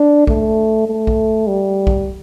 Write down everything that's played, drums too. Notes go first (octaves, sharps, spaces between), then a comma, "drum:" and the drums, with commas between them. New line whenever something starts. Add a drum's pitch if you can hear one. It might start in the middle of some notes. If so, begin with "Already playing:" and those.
Already playing: D4
A3, drum: kick
A3
drum: kick
G3
drum: kick